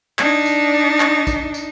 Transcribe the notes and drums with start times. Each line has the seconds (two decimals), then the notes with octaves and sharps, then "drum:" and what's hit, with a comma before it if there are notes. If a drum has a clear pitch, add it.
0.19 D4 D#4, drum: clap
0.46 drum: tambourine
1.00 drum: clap
1.27 drum: kick, tambourine
1.54 drum: tambourine